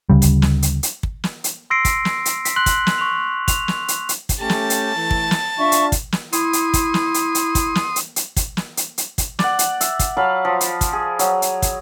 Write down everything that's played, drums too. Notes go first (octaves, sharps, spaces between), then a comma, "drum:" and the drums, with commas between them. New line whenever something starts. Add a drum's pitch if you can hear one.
D2 C#3 G3
drum: kick, hi-hat
drum: snare
drum: hi-hat
drum: hi-hat
drum: kick
drum: snare
drum: hi-hat
C6 E6 A#6 C7 D7
drum: kick, hi-hat
drum: snare
drum: hi-hat
B6, drum: hi-hat
C6 F#6 F#7
drum: kick, hi-hat
drum: snare
C#6 F7
F7, drum: kick, hi-hat
drum: snare
drum: hi-hat
drum: hi-hat
drum: kick, hi-hat
A3 C#4 G4 A5
drum: snare
drum: hi-hat
E3 A3
drum: kick
drum: snare
D4 F4 E5 C#6
drum: hi-hat
drum: kick, hi-hat
drum: snare
E4 C6 D#6, drum: hi-hat
drum: hi-hat
drum: kick, hi-hat
drum: snare
drum: hi-hat
drum: hi-hat
drum: kick, hi-hat
drum: snare
drum: hi-hat
drum: hi-hat
drum: kick, hi-hat
drum: snare
drum: hi-hat
drum: hi-hat
drum: kick, hi-hat
D5 F#5, drum: snare
drum: hi-hat
E5, drum: hi-hat
drum: kick, hi-hat
F#3 F5 A5 B5
F3
drum: hi-hat
drum: kick, hi-hat
G#4
F#3, drum: hi-hat
drum: hi-hat
drum: kick, hi-hat